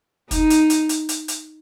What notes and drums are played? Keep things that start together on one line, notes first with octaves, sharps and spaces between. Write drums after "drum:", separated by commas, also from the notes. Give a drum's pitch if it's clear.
D#4, drum: kick, hi-hat
drum: hi-hat
drum: hi-hat
drum: hi-hat
drum: hi-hat
drum: hi-hat